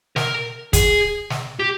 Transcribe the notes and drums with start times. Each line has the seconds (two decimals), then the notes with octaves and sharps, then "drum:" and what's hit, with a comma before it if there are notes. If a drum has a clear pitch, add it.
0.16 A#4, drum: snare
0.73 G#4, drum: kick, hi-hat
1.30 drum: snare
1.59 G4